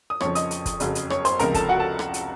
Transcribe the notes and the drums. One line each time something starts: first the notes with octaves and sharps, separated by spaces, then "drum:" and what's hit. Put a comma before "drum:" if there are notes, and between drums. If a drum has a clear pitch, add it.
D#6
F2 C#3 F3 C#5 C#6, drum: rim click
D#5 D#6, drum: hi-hat
drum: hi-hat
drum: kick, hi-hat
F#1 F2 C#3 F#3, drum: hi-hat
drum: hi-hat
C#5 C#6, drum: rim click
C5 C6, drum: hi-hat
C#2 C3 F3 A#4 A#5, drum: hi-hat
A4 A5, drum: kick, hi-hat
F#4 F#5
A4 A5
drum: rim click
drum: hi-hat